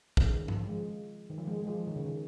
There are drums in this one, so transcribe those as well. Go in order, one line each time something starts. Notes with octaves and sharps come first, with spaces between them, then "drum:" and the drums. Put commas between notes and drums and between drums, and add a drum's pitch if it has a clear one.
C#3, drum: kick
D#3
F3, drum: tom G#2
F3
G#3
D#3
F3
G#3
G#3
F3
D#3
C#3
D#3